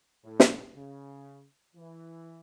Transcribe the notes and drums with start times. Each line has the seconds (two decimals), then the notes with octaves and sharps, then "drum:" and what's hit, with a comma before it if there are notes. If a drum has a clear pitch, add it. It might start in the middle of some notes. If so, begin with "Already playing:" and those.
0.24 A2
0.40 drum: snare
0.75 C#3
1.76 E3